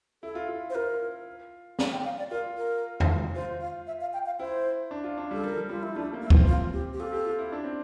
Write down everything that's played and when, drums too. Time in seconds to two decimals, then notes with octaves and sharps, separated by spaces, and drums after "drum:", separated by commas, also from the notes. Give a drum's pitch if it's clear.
0.23 E4 A4
0.35 F4
0.49 F4
0.70 C5
0.75 F4 A#4
1.79 D5, drum: snare
1.92 G5
2.05 F5
2.18 D5
2.31 F4 A#4
2.57 A#4
3.00 drum: tom E2
3.35 F4 C5
3.61 F5
3.87 E5
4.01 F5
4.13 G5
4.26 F5
4.40 E4 C5
4.91 D4
5.04 F4
5.18 D4
5.31 G3 A4
5.43 G3 A#4
5.56 F3
5.69 G3 F4
5.83 G3 E4
5.95 A3 D4
6.13 A#3
6.22 E4
6.30 C4, drum: kick C#2
6.47 F4
6.73 G4
6.93 G4
7.00 F4 A4
7.13 G4
7.26 F4
7.39 E4
7.52 D4
7.64 C4